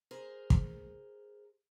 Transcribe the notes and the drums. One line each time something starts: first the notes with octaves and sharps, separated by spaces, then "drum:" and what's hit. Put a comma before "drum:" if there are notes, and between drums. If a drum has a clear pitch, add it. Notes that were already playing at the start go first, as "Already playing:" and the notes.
G#4 A#4 C5
drum: kick